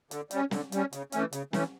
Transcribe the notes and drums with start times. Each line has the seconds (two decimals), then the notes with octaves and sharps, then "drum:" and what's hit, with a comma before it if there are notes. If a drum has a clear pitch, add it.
0.11 D3, drum: hi-hat
0.31 G3 C#4, drum: hi-hat
0.51 D3, drum: snare
0.72 G3 C#4, drum: hi-hat
0.93 C#3, drum: hi-hat
1.12 E3 A3 C#4, drum: hi-hat
1.32 C#3, drum: hi-hat
1.53 E3 A3 C#4, drum: snare